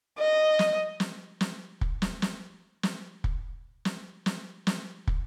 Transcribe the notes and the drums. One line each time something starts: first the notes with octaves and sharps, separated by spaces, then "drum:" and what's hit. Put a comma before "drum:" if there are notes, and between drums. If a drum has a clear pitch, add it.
D#5
drum: snare
drum: snare
drum: snare
drum: kick
drum: snare
drum: snare
drum: snare
drum: kick
drum: snare
drum: snare
drum: snare
drum: kick